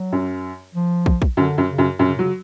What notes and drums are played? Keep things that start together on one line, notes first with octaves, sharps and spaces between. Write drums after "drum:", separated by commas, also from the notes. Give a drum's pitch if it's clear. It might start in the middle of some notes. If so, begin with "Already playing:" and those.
Already playing: F#3
F#2
F3
drum: kick
drum: kick
F#2 D3
F#2
C#3
F#2
F#2 B2
C#3
B2
C#3 F#3